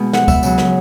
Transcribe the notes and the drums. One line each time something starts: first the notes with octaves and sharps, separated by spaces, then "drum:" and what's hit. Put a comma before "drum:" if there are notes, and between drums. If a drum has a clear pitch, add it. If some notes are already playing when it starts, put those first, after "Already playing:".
Already playing: B2 G#3
F#5, drum: snare
E5, drum: kick C#2, tambourine
C#3 F#3, drum: tambourine
drum: snare